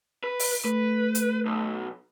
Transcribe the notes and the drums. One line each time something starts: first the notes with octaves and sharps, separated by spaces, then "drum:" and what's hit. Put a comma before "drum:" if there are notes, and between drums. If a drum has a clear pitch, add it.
B4
drum: open hi-hat
A3 B4
drum: hi-hat
B1